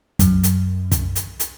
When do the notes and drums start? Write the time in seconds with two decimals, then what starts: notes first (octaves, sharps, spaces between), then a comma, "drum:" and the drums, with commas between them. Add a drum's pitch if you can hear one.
0.19 F#2, drum: kick, hi-hat
0.43 drum: hi-hat
0.92 drum: kick, hi-hat
1.16 drum: hi-hat
1.40 drum: hi-hat